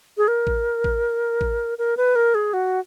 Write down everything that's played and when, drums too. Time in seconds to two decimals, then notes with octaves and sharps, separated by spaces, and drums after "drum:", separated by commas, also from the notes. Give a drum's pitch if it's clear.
0.17 G#4
0.28 A#4
0.47 drum: kick A1
0.84 drum: kick A1
1.41 drum: kick A1
1.78 A#4
1.97 B4
2.15 A#4
2.35 G#4
2.53 F#4